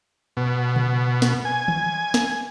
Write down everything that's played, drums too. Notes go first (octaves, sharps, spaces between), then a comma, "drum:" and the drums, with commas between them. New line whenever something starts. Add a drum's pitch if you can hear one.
B2
drum: tom C3
drum: snare
G#5
drum: tom
drum: snare